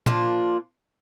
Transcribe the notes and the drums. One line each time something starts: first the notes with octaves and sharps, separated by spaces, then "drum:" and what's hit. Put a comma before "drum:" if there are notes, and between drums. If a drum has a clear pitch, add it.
F3 A#3 D4 F4, drum: tom A#2